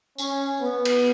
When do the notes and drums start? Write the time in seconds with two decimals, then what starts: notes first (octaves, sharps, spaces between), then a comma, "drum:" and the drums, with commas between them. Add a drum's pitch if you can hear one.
0.18 C#4, drum: tambourine
0.61 B3
0.85 drum: cymbal